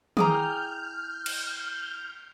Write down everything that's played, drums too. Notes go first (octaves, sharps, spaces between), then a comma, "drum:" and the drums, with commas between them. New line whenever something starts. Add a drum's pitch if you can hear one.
E4 G#4 G5 A#5 D6 D#6 F6 G6, drum: tom D#3
drum: cymbal